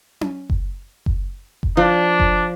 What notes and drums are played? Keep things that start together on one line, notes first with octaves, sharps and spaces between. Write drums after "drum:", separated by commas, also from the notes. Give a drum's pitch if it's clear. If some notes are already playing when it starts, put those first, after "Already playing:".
drum: tom C#4
drum: kick F#1
drum: kick F#1
drum: kick F#1
F3 D4
drum: kick F#1